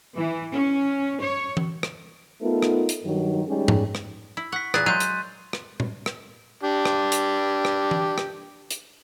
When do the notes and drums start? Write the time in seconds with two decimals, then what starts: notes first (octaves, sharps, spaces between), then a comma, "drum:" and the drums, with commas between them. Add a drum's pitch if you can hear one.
0.17 E3
0.53 C#4
1.22 C#5
1.57 drum: tom E3
1.83 drum: rim click
2.41 A3 B3 D#4 F4 A4 A#4
2.62 drum: rim click
2.89 drum: hi-hat
3.04 G2 D#3 F#3
3.47 G3 G#3 C#4 D#4 G4 G#4
3.68 drum: tom G#2
3.95 drum: rim click
4.37 E4
4.52 F#5 C#6 B6
4.74 A#2 E3 G#4 F#6 A6, drum: rim click
4.86 F#3 G#3 F5 C6 G6 D#7
5.00 drum: hi-hat
5.53 drum: rim click
5.80 drum: tom A#2
6.06 drum: rim click
6.63 D4 G4
6.85 drum: rim click
7.12 drum: hi-hat
7.65 drum: rim click
7.91 drum: tom E3
8.18 drum: rim click
8.71 drum: hi-hat